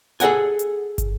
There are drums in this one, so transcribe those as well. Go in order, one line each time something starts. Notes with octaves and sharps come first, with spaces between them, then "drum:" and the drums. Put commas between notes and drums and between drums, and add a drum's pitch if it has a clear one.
G#4 A4 D#5 F#5 G#5, drum: hi-hat
drum: hi-hat
drum: kick, hi-hat